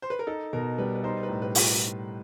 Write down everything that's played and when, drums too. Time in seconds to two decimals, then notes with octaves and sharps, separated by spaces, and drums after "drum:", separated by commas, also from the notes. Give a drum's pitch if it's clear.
0.02 C5
0.10 B4
0.19 A#4
0.27 D#4 A4
0.53 B2 A#4
0.78 G3 B4
0.95 B4
1.03 D#4 C5
1.23 B4
1.29 A2
1.42 B4
1.55 drum: open hi-hat